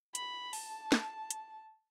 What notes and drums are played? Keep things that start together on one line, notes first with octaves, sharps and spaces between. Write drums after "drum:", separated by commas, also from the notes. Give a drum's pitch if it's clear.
B5, drum: hi-hat
A5, drum: open hi-hat
drum: snare
drum: hi-hat